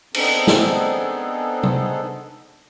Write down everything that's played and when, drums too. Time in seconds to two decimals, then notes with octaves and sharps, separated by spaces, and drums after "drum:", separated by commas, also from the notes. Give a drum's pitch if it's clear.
0.14 B3 C4 D4 D#4 G#4 A4, drum: cymbal
0.47 drum: snare
1.63 drum: tom C3